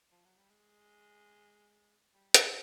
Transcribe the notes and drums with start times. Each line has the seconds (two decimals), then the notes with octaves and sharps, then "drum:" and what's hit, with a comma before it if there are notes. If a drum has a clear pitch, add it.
0.12 F3
0.25 F#3
0.37 G3
0.50 G#3
2.14 G3
2.34 C#3, drum: hi-hat